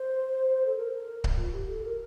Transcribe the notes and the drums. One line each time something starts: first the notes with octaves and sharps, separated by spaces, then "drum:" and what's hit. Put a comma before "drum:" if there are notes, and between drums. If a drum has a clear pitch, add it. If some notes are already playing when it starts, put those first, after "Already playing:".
Already playing: C5
A4
A#4
drum: kick C#1
F4
G4
A4
A#4